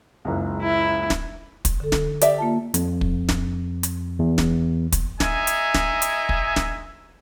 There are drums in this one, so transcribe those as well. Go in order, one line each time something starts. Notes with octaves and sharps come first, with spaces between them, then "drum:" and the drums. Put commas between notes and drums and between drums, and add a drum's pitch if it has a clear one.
F#1 C#2
E4
drum: snare
drum: kick, hi-hat
D3 A4
drum: snare
G4 D5 E5, drum: hi-hat
A#3 F4 A5
F2, drum: hi-hat
drum: kick
drum: snare
drum: hi-hat
E2
drum: snare
drum: kick, hi-hat
G#3 D#4 E5 G#5, drum: snare
drum: hi-hat
drum: snare
drum: hi-hat
drum: kick
drum: snare